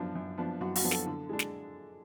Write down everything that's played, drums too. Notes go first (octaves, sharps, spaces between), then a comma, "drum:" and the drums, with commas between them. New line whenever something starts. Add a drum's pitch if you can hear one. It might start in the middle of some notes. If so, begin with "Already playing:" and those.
Already playing: F#2 F3 B3 D4
F#2
F3 B3 D4
F#2 F#4
F#4, drum: open hi-hat
F3 B3 D4
A4, drum: snare
D3
G#3 D4
drum: snare